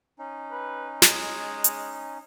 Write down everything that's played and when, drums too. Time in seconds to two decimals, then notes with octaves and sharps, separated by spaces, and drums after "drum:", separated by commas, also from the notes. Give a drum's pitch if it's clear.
0.19 C#4 D#4
0.51 B4
1.02 G#3, drum: snare
1.64 drum: hi-hat